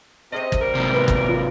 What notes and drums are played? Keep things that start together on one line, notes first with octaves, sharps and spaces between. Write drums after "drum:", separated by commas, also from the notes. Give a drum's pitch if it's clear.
C3 C#4 G#4 C5 D#5
drum: kick
G3 A#4
C3 F#3 A#3 E4
E2 B3 B4 C5
drum: kick
F4